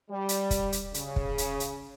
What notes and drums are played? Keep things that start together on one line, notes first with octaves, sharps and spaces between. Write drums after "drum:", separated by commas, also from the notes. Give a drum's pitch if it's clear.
G3
drum: hi-hat
drum: kick, hi-hat
drum: hi-hat
C#3, drum: hi-hat
drum: kick
drum: hi-hat
drum: hi-hat